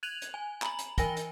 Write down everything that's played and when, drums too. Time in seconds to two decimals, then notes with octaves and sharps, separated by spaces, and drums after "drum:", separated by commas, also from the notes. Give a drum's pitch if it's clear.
0.03 F#6 G#6 D#7 F7 F#7
0.22 drum: hi-hat
0.34 G#5
0.62 A#5 B5 F#7, drum: clap
0.79 drum: hi-hat
0.98 E3 A#4 G5 G#5 A#6 G7, drum: kick, hi-hat
1.17 drum: hi-hat